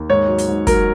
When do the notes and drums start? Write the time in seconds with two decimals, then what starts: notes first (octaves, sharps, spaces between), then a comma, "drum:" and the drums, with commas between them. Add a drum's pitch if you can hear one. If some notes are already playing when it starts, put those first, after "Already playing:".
Already playing: D#2
0.10 G#2 C#5
0.28 F#3
0.38 drum: hi-hat
0.48 G#2
0.67 F#3 A#4, drum: kick, hi-hat